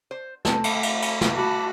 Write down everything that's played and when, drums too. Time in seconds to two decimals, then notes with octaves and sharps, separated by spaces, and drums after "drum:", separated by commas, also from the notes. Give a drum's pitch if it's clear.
0.11 C5
0.45 A3 C4 A5, drum: snare
0.64 drum: cymbal
0.83 drum: cymbal
1.02 drum: cymbal
1.21 drum: snare
1.35 F#4 A5 B5 D6